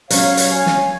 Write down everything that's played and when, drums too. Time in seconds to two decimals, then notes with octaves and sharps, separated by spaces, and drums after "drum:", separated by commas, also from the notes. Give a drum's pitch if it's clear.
0.10 F#3 C#4 C#5 F5, drum: hi-hat
0.37 drum: hi-hat
0.52 G#5
0.66 drum: snare